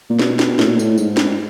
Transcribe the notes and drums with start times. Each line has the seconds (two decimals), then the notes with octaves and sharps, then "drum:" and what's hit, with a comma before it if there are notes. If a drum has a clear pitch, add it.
0.10 A#2
0.19 B2, drum: snare
0.39 drum: snare
0.59 A2, drum: snare
0.69 A#2
0.79 A2, drum: tambourine
0.98 G#2, drum: tambourine
1.17 drum: snare